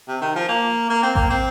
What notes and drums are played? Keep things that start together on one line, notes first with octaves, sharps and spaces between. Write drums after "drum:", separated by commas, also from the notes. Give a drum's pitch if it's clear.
C3
D#3
F3
A#3
A#3
C4
A#3, drum: kick A1
C4